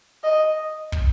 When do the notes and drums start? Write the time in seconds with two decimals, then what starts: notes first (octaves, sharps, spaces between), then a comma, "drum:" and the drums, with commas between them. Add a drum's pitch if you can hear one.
0.23 D#5
0.92 drum: kick